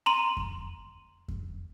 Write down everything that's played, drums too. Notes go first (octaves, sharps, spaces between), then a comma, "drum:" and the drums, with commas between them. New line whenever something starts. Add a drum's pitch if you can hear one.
A#5 C6 D#7
drum: kick F2
drum: kick F2